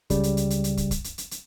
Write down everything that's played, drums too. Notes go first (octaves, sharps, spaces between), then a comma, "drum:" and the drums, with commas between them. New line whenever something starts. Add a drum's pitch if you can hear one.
C#2 C#3 G3, drum: kick, hi-hat
drum: hi-hat
drum: hi-hat
drum: hi-hat
drum: hi-hat
drum: kick, hi-hat
drum: kick, hi-hat
drum: hi-hat
drum: hi-hat
drum: hi-hat